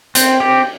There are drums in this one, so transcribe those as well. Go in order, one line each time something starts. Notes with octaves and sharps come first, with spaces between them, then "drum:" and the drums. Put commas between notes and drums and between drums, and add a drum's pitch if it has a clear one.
C4, drum: hi-hat
G4